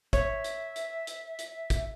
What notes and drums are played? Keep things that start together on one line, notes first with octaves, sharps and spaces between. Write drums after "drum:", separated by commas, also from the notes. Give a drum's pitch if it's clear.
C#5 E5, drum: kick, hi-hat
drum: hi-hat
drum: hi-hat
drum: hi-hat
drum: hi-hat
drum: kick, hi-hat